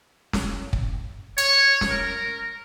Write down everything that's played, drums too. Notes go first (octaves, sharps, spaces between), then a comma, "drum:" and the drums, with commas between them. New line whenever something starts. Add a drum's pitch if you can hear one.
drum: snare
drum: kick
C#5, drum: hi-hat
drum: snare
A#4